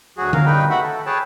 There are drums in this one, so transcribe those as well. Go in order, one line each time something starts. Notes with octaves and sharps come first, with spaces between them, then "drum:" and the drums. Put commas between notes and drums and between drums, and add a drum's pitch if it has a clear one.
D2 F#3 F#4 G#4
A#4 F5, drum: tom D3
G2 C#3 D#4 B4 G5
A3 F#4 E5 F#5 B5
A4
G#4 B4 C#5 G5 A5